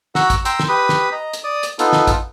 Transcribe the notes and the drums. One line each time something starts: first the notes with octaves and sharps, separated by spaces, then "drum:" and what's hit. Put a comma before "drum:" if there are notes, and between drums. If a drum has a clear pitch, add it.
F#4 F#5 A#5 E6, drum: snare
drum: kick, hi-hat
G5 A#5 C6 E6, drum: hi-hat
drum: snare
G4 B4 B5 D#6
drum: snare
D#5 A#5
drum: hi-hat
D5 D#6
drum: hi-hat
B3 D#4 F4 A4, drum: hi-hat
drum: snare
drum: kick, hi-hat